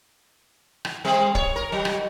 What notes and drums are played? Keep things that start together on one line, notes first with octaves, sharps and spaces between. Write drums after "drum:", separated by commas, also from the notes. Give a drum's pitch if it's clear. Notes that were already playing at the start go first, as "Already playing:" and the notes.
drum: rim click
G3 A#3 C4
C#5, drum: kick
A#4
F#3
drum: rim click